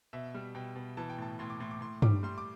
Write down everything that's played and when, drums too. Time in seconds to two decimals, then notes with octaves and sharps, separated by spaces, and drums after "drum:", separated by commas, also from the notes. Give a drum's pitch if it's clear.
0.13 B2 E5
0.34 G3
0.55 B2 G5
0.76 B2
0.97 E3 A5
1.10 G5
1.18 A2 A5
1.39 A2 C6
1.50 D6
1.60 A2 C6
1.71 D6
1.81 A2 C6
2.02 G3 D6, drum: tom G2
2.23 G3 C6
2.38 D6